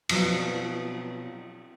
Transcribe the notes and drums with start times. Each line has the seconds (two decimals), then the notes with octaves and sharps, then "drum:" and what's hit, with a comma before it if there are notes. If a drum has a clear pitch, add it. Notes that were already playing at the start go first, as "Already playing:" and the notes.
0.09 B2 F3 F#3, drum: cymbal